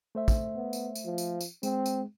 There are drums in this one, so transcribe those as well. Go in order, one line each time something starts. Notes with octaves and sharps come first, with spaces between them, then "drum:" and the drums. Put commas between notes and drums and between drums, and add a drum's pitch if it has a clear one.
A3 C5 E5
drum: kick, tambourine
B3
drum: tambourine
drum: tambourine
F3
drum: tambourine
drum: tambourine
G#3 C4, drum: tambourine
drum: tambourine